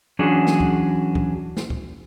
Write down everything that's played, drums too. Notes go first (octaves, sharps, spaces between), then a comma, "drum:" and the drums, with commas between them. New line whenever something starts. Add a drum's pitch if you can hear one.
E3 F#3 C#4 D4 F#4 G#4
drum: snare
drum: kick C#2
drum: kick C#2
drum: snare
drum: kick C#2